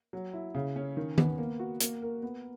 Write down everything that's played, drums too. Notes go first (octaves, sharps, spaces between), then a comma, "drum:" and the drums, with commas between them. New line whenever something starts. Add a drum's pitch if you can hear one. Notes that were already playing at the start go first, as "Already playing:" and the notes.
F#3
E4
C#3
C#4
D#3
B3, drum: tom D#3
A#3
F#4
A#3, drum: hi-hat
A#4
B3